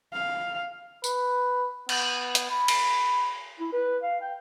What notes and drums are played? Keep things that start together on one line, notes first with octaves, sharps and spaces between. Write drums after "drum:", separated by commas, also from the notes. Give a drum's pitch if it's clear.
F5
B4, drum: tambourine
B3, drum: cymbal
drum: hi-hat
B5
drum: cymbal
E4
B4
F5
G5